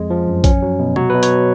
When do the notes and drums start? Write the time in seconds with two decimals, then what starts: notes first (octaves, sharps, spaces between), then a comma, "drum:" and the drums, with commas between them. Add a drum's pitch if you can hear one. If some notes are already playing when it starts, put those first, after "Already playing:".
Already playing: F2 G#3
0.10 F3
0.27 F#2
0.44 C#4, drum: kick, hi-hat
0.62 F#3
0.79 B2
0.96 F#3 C#5, drum: tom C3
1.10 B2 B4
1.23 C#5, drum: hi-hat